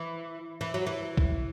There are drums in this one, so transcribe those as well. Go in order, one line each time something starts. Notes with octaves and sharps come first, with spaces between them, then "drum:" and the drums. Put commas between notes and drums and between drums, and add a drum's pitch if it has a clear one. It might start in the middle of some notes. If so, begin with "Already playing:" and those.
Already playing: E3
E3
F#3
E3
drum: kick A#1